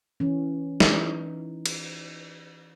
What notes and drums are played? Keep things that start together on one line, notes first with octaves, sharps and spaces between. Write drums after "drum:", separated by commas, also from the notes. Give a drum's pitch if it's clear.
E3 C#4
E3 D#4, drum: snare
drum: cymbal